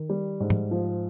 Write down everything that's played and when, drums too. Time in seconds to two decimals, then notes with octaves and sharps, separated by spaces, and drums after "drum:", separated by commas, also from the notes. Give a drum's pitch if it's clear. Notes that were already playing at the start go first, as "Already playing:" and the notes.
Already playing: D#3
0.09 G3
0.40 G#2
0.50 drum: tom G#2
0.71 F3